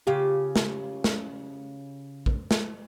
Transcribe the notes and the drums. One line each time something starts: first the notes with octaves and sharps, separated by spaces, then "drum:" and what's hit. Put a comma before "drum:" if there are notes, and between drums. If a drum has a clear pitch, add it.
C#3 F4 G4
drum: snare
drum: snare
drum: kick
drum: snare